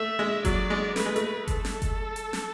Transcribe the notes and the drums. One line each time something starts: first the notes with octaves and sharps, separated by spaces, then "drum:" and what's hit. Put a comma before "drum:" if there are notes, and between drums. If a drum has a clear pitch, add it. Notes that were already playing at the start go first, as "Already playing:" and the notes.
Already playing: A3 E5
G#3
F#3 D5, drum: kick F#1, hi-hat
G#3
A3 B4, drum: snare
G#3
A3, drum: hi-hat
A4, drum: kick F#1, hi-hat
drum: snare
drum: kick F#1, hi-hat
drum: hi-hat
drum: snare